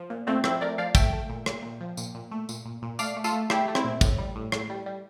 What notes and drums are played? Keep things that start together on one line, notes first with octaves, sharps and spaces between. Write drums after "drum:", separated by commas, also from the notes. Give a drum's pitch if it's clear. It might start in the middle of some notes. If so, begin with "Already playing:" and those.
Already playing: F3
A#2
A#2 A3 C4
F3 C4 E4, drum: rim click
A3 A#4 D5
F3 D5 F5
A3 E5 G5, drum: kick, tambourine
A3
A#2
A#2, drum: rim click
A#2
F3
A#2, drum: tambourine
A#2
A3
A#2, drum: tambourine
A#2
A#2
A3 D5 F5, drum: tambourine
A3
F4 A4, drum: tambourine
A3
A3 E4 G4, drum: rim click
A3
C4 E4, drum: rim click
A#2
A2, drum: kick, tambourine
G3
A2
A2, drum: rim click
G3
G3